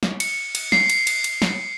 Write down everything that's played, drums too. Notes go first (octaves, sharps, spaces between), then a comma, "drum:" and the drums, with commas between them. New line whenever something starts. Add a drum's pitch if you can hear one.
drum: snare
C#7, drum: cymbal
drum: cymbal
C7, drum: snare
drum: cymbal
drum: cymbal
drum: cymbal
drum: snare